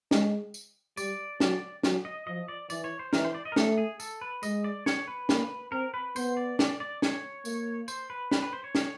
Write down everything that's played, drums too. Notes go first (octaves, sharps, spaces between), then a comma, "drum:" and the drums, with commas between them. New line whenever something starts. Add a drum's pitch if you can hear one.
G#3, drum: snare
drum: tambourine
G3 D5, drum: tambourine
F#3, drum: snare
F#3, drum: snare
D#5
F3 D#5
D5
E3 D5, drum: tambourine
C#5
C5
E3 A#4, drum: snare
C5
D5
D#5
A#4
A3 A4, drum: snare
G#4
A4, drum: tambourine
B4
G#3 D#5, drum: tambourine
D5
C#5, drum: snare
B4
A#3, drum: snare
C4 A#4
B4
B3 C5, drum: tambourine
D5
D5, drum: snare
D5
C#5, drum: snare
A#3, drum: tambourine
C5, drum: tambourine
B4
B4, drum: snare
B4
C5
C#5
drum: snare